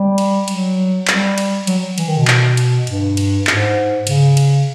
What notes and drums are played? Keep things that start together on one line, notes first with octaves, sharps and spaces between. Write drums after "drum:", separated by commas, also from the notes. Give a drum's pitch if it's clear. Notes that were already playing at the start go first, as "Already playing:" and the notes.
Already playing: G3
drum: cymbal
F#3, drum: cymbal
G3, drum: clap
drum: cymbal
F#3, drum: cymbal
E3, drum: cymbal
D#3
B2
drum: clap
drum: cymbal
G2, drum: cymbal
drum: cymbal
G#2, drum: clap
C#3, drum: cymbal
drum: cymbal